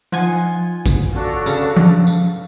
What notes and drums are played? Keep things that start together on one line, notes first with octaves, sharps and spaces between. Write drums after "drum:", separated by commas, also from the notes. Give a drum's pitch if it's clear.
F3 D#4 F4 F#5 G#5
drum: kick, tambourine
D4 F4 F#4 A4 C#5
C#3 B3 F5, drum: tambourine
drum: tom F3
drum: tambourine